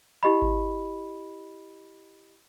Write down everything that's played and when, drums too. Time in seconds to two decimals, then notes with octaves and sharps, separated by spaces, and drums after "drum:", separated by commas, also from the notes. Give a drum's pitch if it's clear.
0.23 E4 G4 D#5 B5
0.42 drum: kick G#1